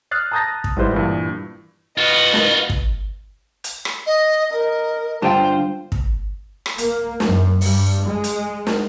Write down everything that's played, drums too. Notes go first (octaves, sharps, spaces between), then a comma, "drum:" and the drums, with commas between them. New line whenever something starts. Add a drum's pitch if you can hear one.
D#6 F6 F#6 A6 C7
A5 A#5 D#6 G6 A6 A#6
drum: kick
G#2 G3 E4 B4 C5
G2 A#2 E3
F4 F#4 B4 D#5
drum: snare
drum: kick
drum: hi-hat
drum: rim click
D#5
A#4 D#5
G2 D3 F4 C5 G5 A5
drum: kick
drum: rim click
A#3, drum: hi-hat
F#2, drum: snare
G2, drum: open hi-hat
G#3
drum: hi-hat
drum: snare